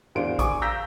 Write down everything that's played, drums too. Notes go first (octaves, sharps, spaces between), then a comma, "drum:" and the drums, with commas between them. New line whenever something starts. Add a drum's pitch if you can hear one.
E2 D4 F#4 C5 F5 D7
G#5 C#6 D6, drum: kick A1, hi-hat
F5 A#5 E6 G6 A#6 B6